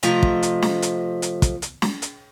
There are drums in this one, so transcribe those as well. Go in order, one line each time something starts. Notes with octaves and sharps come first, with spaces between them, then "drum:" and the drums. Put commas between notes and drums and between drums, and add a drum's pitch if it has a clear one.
C3 F3 A3 D#5 A#5, drum: hi-hat
drum: kick
drum: hi-hat
drum: snare
drum: hi-hat
drum: hi-hat
drum: kick, hi-hat
drum: hi-hat
drum: snare
drum: hi-hat